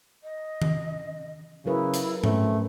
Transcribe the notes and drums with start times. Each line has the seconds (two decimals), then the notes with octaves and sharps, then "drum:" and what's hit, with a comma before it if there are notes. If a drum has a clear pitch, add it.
0.23 D#5
0.62 drum: tom D#3
1.66 C#3 F#3 E4 A#4 B4
1.94 drum: hi-hat
2.24 F3 A3 C4 C#4 C#5, drum: tom G#2